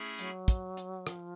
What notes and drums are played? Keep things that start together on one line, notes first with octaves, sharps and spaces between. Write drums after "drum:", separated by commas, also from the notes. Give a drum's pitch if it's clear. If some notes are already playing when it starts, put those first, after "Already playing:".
Already playing: A3 C#4 E4 G#4
F#3, drum: hi-hat
drum: kick, hi-hat
drum: hi-hat
F3, drum: rim click